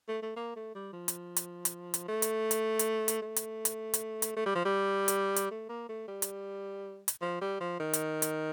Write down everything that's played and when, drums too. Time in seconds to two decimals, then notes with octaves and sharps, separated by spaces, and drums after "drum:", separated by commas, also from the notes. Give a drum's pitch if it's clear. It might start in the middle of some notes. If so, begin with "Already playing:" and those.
0.09 A3
0.23 A3
0.36 A#3
0.56 A3
0.75 G3
0.93 F3
1.08 drum: hi-hat
1.36 drum: hi-hat
1.65 drum: hi-hat
1.94 drum: hi-hat
2.09 A3
2.22 drum: hi-hat
2.51 drum: hi-hat
2.79 drum: hi-hat
3.08 drum: hi-hat
3.22 A3
3.36 drum: hi-hat
3.65 drum: hi-hat
3.94 drum: hi-hat
4.22 drum: hi-hat
4.36 A3
4.46 G3
4.55 F3
4.65 G3
5.08 drum: hi-hat
5.36 drum: hi-hat
5.51 A3
5.69 A#3
5.89 A3
6.08 G3
6.22 drum: hi-hat
7.08 drum: hi-hat
7.21 F3
7.41 G3
7.60 F3
7.80 D#3
7.93 drum: hi-hat
8.22 drum: hi-hat